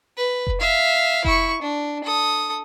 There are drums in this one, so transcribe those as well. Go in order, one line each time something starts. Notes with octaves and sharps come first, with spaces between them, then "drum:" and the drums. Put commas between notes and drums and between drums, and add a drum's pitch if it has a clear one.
B4
drum: kick F1
E5 F5
E4 C#6, drum: kick F1
D4
A4 D#6